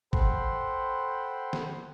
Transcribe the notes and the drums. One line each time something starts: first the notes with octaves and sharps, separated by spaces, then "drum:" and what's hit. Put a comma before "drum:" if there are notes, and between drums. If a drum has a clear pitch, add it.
A4 C5 F#5 G5 B5 C6, drum: kick
drum: snare